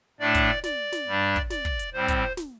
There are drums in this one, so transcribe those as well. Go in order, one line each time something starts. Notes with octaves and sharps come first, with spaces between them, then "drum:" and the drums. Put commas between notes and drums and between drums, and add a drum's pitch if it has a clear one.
A2 A3 D4 D5
drum: kick, hi-hat
D5, drum: snare
drum: snare
G2 G3 D4
drum: kick
D5, drum: snare
drum: kick
drum: hi-hat
A2 G3 C4 C5
drum: kick, hi-hat
drum: snare